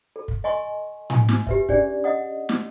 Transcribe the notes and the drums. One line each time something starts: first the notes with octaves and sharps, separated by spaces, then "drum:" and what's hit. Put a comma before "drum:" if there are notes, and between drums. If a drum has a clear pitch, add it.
A4
drum: kick
D#5 G#5 C6 C#6
G#5, drum: tom A2
drum: snare
G4 B4 E5, drum: kick
C#4 D4 G4 G#4 D5, drum: kick
D#5 F#5 D#6
drum: snare